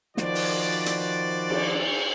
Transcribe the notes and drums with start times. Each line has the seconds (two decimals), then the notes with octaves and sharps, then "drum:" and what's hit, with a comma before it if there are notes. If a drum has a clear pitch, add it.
0.17 D#3 F3 F#4 B4 C5 D5, drum: snare
0.35 drum: open hi-hat
0.86 drum: hi-hat
1.50 drum: cymbal